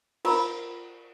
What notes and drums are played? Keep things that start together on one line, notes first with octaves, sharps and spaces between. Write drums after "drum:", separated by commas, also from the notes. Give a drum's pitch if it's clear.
F4 A#4 F5 A#5 B5, drum: cymbal